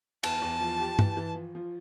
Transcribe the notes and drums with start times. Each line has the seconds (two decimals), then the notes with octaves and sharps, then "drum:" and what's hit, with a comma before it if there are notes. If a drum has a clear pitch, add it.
0.23 E2 A5, drum: cymbal
0.42 E2
0.61 F3
0.80 G4
0.99 E3, drum: tom G2
1.17 E3
1.35 F3
1.55 F3